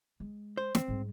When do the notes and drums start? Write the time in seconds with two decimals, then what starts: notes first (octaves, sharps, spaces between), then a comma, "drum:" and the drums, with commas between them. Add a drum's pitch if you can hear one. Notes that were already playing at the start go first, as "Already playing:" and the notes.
0.20 G#3
0.57 C5
0.75 C4, drum: snare
0.88 G#2 G3